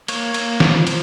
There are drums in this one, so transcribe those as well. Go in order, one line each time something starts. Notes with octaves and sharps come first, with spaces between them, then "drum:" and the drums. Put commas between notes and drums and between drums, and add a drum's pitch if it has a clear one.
A#3 C#5, drum: cymbal
A#3, drum: cymbal
F3, drum: snare
F3, drum: cymbal